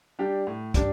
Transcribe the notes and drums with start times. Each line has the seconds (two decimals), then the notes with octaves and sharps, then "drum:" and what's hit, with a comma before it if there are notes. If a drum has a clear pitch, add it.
0.19 G3 D4 G4
0.47 A2
0.74 G3 D4 G4, drum: kick, hi-hat